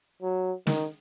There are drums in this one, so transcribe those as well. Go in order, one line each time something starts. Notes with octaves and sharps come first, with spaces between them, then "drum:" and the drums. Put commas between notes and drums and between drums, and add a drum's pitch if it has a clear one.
F#3
D#3, drum: snare